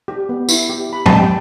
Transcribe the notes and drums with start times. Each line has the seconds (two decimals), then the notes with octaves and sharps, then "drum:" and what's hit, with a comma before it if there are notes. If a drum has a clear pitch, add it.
0.08 G4
0.29 B3
0.49 E4, drum: tambourine
0.70 G4
0.90 G4 B5
1.06 G4 A5, drum: tom
1.18 G5